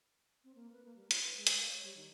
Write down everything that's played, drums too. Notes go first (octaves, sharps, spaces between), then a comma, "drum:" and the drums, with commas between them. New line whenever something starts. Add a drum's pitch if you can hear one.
C4
A#3
B4
A#3
G3
E4, drum: hi-hat
B4
G#3
drum: hi-hat
F5
C#5
G3
D#3